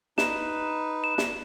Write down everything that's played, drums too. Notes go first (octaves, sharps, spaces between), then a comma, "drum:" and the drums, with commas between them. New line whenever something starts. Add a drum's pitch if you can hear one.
D#4 B4 E7, drum: snare
E7
drum: snare